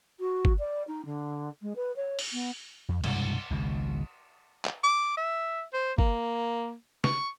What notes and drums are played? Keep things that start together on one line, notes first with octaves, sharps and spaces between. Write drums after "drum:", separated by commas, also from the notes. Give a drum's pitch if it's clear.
F#4
drum: kick
D5
D#4
D3
G#3
B4
C#5
drum: open hi-hat
B3
F2
C2 G2 B2 G#3, drum: cymbal
G#1 C#2 G#2 B2
drum: clap
D6
E5
C5
A#3, drum: kick
C#6, drum: snare